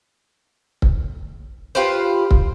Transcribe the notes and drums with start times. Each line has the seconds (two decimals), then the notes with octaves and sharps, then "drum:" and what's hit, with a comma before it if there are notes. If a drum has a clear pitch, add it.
0.82 drum: kick C#1
1.75 F4 G4 B4 C5
2.31 drum: kick C#1